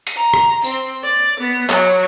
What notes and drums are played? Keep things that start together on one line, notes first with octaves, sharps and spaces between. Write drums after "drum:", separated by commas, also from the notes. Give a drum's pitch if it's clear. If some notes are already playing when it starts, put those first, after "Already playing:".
drum: hi-hat
A#5
drum: rim click
C4, drum: tambourine
D5
B3
F#3, drum: clap